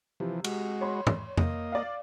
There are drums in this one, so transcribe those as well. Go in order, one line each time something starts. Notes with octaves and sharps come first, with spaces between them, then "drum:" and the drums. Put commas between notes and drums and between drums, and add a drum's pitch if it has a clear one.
C3 E3 F3
G#3 F#4, drum: cymbal
C#5 B5 C6
drum: tom
A#3 D#5, drum: tom E2
D5 F5